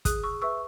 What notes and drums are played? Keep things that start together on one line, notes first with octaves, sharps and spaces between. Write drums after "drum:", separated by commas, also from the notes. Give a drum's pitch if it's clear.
G#4 D#6 F#6, drum: kick, hi-hat
C#6 E6
B4 E5 C#6 E6